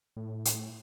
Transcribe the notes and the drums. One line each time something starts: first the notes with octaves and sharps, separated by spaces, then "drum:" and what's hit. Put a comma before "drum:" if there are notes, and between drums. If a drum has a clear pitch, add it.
A2
drum: hi-hat